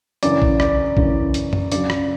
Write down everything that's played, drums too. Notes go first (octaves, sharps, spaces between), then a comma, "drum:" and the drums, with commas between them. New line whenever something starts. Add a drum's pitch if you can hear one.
F#2 C#3 E3 D5, drum: hi-hat
drum: kick A#1
D5, drum: rim click
F#2 C#3 E3, drum: kick A#1
drum: hi-hat
drum: tom F#2
C#2 C#3 F#3 D5, drum: hi-hat
drum: rim click